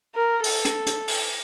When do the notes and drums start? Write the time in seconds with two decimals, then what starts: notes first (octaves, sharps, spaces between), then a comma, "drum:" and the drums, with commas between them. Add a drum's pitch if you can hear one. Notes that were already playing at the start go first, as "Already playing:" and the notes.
0.15 A#4
0.44 A4, drum: open hi-hat
0.65 drum: hi-hat
0.86 drum: hi-hat
1.08 drum: open hi-hat